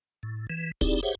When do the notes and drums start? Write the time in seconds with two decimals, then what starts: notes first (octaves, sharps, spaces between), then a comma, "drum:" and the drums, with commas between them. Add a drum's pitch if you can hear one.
0.23 A2
0.50 E3
0.81 C4 D#4 E4 G4 G#4 D5, drum: kick
1.03 G4 G#4 C5 C#5 E5 F#5